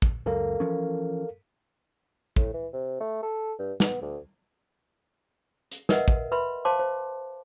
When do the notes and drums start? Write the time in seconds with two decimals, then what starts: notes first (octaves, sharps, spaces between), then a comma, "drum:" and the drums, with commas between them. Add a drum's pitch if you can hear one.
0.02 drum: kick
0.26 C#2 F#2 A4 A#4 F5
0.60 E3 F3 C#4
2.36 A2, drum: kick
2.54 E3
2.73 C3
3.00 A3
3.23 A4
3.59 G2
3.80 B3, drum: snare
4.02 D2
5.71 drum: hi-hat
5.89 A#4 B4 D#5 E5 F#5, drum: snare
6.08 drum: kick
6.32 B4 E5 B5 C6
6.65 C5 F5 A5 C6 D6
6.79 C5